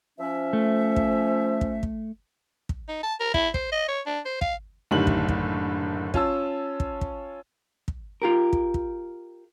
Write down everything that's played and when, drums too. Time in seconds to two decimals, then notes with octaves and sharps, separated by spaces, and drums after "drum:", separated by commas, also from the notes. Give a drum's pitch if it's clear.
0.18 F3 C#4 E5
0.53 A3
0.96 drum: kick
1.61 drum: kick
1.83 drum: kick
2.69 drum: kick
2.89 D#4
3.03 A5
3.20 A#4
3.34 E4, drum: kick
3.54 C5, drum: kick
3.72 D#5
3.88 C#5
4.07 D4
4.25 C5
4.41 F5, drum: kick
4.91 F#1 A2 D3 D#3 G3 F#7
5.07 drum: kick
5.29 drum: kick
6.14 C#4 F4 A5 E6, drum: kick
6.80 drum: kick
7.01 drum: kick
7.88 drum: kick
8.22 F4 G4 A#4
8.53 drum: kick
8.74 drum: kick